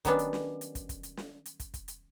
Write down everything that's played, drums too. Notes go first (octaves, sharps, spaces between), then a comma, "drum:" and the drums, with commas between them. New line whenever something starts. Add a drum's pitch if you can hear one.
D#3 F#3 G3 B3 C#4 D4, drum: kick, hi-hat
drum: hi-hat
drum: snare
drum: hi-hat
drum: kick, hi-hat
drum: kick, hi-hat
drum: hi-hat
drum: snare
drum: hi-hat
drum: kick, hi-hat
drum: kick, hi-hat
drum: hi-hat